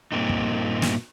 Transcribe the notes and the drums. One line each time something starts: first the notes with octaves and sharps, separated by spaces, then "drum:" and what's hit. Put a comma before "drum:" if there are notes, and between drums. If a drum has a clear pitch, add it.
G2 A#2 A#3 C4 D#4
drum: kick
drum: snare